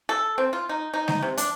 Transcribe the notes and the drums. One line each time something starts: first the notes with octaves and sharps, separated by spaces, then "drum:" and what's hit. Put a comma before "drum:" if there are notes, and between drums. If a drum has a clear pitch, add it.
A4
C4
F4
D#4
D#4
D#4, drum: snare G#3
C3
D4, drum: hi-hat